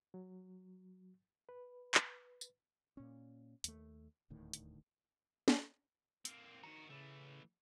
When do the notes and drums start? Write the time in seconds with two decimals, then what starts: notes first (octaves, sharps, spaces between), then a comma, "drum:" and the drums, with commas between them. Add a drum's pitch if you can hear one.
0.14 F#3
1.49 B4
1.94 drum: clap
2.41 drum: tambourine
2.97 A#2 C#4
3.64 D#2 A3, drum: hi-hat
4.30 D#1 D2 A2 D#3
4.53 drum: hi-hat
5.48 drum: snare
6.25 A#3 C4, drum: hi-hat
6.63 D#3 D#4 F#4 A#5
6.90 C#3 E3 A3